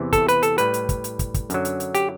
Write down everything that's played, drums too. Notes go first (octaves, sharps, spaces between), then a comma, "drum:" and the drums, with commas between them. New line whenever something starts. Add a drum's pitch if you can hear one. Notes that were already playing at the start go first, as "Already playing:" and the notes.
Already playing: E2 C3 E3
A4, drum: kick, hi-hat
B4, drum: hi-hat
A4, drum: hi-hat
A2 G3 B4, drum: hi-hat
drum: hi-hat
drum: kick, hi-hat
drum: hi-hat
drum: kick, hi-hat
drum: kick, hi-hat
F#2 D3 F#3, drum: hi-hat
drum: hi-hat
drum: hi-hat
G4, drum: hi-hat